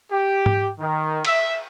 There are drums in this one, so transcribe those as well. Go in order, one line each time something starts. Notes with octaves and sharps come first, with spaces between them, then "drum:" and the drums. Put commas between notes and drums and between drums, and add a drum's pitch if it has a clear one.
G4
drum: tom G#2
D#3
E5, drum: cymbal